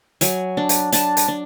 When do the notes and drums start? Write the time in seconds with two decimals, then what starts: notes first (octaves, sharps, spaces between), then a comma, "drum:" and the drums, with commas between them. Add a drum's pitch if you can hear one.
0.21 F#3 G#5, drum: hi-hat
0.57 D4
0.69 drum: hi-hat
0.92 D4 A5, drum: hi-hat
1.17 drum: hi-hat
1.28 D4